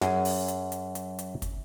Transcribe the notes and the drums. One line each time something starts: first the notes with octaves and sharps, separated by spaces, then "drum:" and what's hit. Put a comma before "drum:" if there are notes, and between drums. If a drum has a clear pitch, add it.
F#2 G#4, drum: snare
drum: open hi-hat
drum: hi-hat
drum: hi-hat
drum: hi-hat
drum: hi-hat
drum: kick, hi-hat